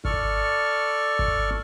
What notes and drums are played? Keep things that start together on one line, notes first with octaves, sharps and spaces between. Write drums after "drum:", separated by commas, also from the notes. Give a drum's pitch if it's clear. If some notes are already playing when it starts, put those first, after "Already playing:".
A4 D5 C#6 F6, drum: kick G#1
drum: kick G#1